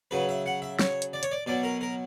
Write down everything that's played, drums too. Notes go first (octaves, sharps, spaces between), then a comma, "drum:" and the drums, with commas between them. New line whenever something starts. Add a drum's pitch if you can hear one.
C#3 F#3 B4
E5
F#5
E5
C#5, drum: snare
drum: hi-hat
D5
C#5, drum: hi-hat
D5
B2 F#3 D5
A#4
A#4